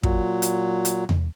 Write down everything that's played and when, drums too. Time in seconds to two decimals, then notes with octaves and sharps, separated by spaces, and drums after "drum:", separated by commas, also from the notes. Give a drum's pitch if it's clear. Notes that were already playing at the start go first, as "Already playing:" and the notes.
0.03 A#2 F#3, drum: kick
0.42 drum: hi-hat
0.85 drum: hi-hat
1.09 drum: tom E2